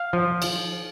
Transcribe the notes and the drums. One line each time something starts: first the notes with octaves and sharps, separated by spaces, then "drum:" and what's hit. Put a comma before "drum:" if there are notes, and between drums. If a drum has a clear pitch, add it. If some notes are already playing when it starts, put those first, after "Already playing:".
Already playing: F5
F3
drum: cymbal